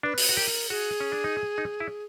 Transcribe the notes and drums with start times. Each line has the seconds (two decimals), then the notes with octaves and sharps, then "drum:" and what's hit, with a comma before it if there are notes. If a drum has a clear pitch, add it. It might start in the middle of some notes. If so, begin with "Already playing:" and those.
0.03 D4 B4
0.18 drum: open hi-hat
0.29 F#4
0.36 G4 A#4
0.70 F#4 G#4
1.00 C#4
1.12 D4
1.24 D#4
1.36 E4
1.58 D#4
1.80 E4